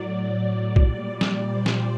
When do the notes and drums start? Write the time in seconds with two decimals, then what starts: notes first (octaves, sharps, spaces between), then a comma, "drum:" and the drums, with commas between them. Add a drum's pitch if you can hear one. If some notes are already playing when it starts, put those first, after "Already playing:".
Already playing: A2 F#3 D5
0.76 A#2 G3, drum: kick B1
1.21 drum: snare
1.44 C5
1.66 drum: snare